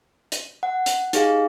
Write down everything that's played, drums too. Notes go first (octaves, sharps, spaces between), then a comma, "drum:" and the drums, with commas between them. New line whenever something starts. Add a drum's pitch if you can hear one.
drum: hi-hat
F#5
drum: hi-hat
D#4 G4 G#4 F5, drum: hi-hat